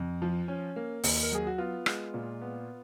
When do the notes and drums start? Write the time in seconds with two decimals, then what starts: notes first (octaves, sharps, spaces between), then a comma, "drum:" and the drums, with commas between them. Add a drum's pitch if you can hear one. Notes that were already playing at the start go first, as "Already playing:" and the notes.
Already playing: F2
0.22 F3
0.48 C#4
0.76 A#3
1.03 D#2, drum: open hi-hat
1.23 A#4
1.32 F#3 G#4
1.47 F#4
1.58 B3 F4
1.86 G#3, drum: rim click
2.14 A#2
2.42 B3